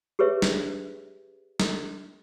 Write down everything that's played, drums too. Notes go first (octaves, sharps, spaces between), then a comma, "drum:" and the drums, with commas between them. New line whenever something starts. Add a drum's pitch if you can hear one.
G4 G#4 B4 C#5 E5
drum: snare
drum: snare